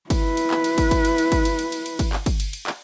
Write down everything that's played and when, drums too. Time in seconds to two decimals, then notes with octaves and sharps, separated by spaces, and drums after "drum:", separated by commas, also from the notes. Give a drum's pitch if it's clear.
0.10 E4 B4, drum: kick, cymbal
0.37 drum: cymbal
0.51 drum: clap
0.64 drum: cymbal
0.78 drum: kick, cymbal
0.91 drum: kick, cymbal
1.05 drum: cymbal
1.18 drum: cymbal
1.32 drum: kick, cymbal
1.45 drum: cymbal
1.59 drum: cymbal
1.72 drum: cymbal
1.86 drum: cymbal
1.99 drum: kick, cymbal
2.13 drum: clap
2.26 drum: kick, cymbal
2.40 drum: cymbal
2.53 drum: cymbal
2.67 drum: clap